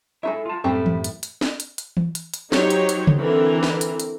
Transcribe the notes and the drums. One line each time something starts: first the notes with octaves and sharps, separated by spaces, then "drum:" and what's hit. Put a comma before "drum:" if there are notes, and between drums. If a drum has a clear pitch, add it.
G#3 D#4 E4 A4 E5
F4 A5
F#2 A2 G3 C4 E4 A4
drum: tom E3
drum: hi-hat
drum: hi-hat
drum: snare
drum: hi-hat
drum: hi-hat
drum: tom E3
drum: hi-hat
drum: hi-hat
F#3 D#4 G4 C5 C#5, drum: snare
drum: hi-hat
drum: hi-hat
drum: tom C#3
D3 E3 C4 E4 A#4
drum: snare
drum: hi-hat
drum: hi-hat